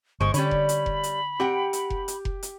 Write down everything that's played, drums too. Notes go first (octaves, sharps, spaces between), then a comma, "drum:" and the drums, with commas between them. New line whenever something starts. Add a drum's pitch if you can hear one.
G1 G#3 C5 C#6
D3 G3 C#4 C#5 B5, drum: hi-hat
drum: kick F1
drum: hi-hat
drum: kick F1
drum: hi-hat
C4 G4 F#5 G5
drum: hi-hat
drum: kick F1
drum: hi-hat
drum: kick F1
drum: hi-hat